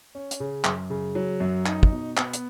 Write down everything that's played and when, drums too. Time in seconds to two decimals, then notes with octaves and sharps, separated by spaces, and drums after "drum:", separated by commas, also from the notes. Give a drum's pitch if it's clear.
0.15 C#4
0.31 drum: hi-hat
0.40 C#3
0.64 F#2, drum: clap
0.90 C#3
1.15 F#3
1.40 F#2
1.66 D#4, drum: clap
1.83 drum: kick
1.92 B2
2.17 B3, drum: clap
2.33 drum: hi-hat